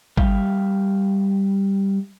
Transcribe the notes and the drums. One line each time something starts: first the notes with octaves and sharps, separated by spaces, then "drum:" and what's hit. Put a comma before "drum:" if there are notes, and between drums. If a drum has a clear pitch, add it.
G3 E5 F5 G5, drum: kick G#1